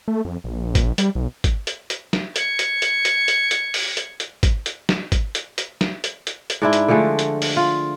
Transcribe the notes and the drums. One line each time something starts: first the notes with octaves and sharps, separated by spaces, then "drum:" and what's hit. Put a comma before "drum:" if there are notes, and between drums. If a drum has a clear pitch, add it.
A3
F2
A#1
drum: kick G#1, hi-hat
G3, drum: hi-hat
B1
drum: kick G#1, hi-hat
drum: hi-hat
drum: hi-hat
drum: snare
G#6 C#7, drum: hi-hat
drum: hi-hat
drum: hi-hat
drum: hi-hat
drum: hi-hat
drum: hi-hat
drum: open hi-hat
drum: hi-hat
drum: hi-hat
drum: kick G#1, hi-hat
drum: hi-hat
drum: snare
drum: kick G#1, hi-hat
drum: hi-hat
drum: hi-hat
drum: snare
drum: hi-hat
drum: hi-hat
drum: hi-hat
G#2 D4 E4
drum: hi-hat
D3 F3 G#3 A3
drum: hi-hat
drum: open hi-hat
F4